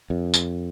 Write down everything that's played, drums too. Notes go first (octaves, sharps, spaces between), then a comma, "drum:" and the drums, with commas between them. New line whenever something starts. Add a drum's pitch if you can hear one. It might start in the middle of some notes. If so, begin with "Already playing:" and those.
F2
drum: tambourine